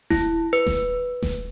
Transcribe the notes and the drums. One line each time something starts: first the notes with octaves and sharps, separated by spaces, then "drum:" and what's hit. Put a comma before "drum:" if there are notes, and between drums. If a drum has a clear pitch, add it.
E4, drum: snare D#1
B4
drum: snare D#1
drum: snare D#1